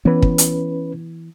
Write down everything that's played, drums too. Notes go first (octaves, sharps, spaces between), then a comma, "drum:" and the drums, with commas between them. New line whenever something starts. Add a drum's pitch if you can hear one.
E3 B3 C#4 B4
drum: kick
drum: hi-hat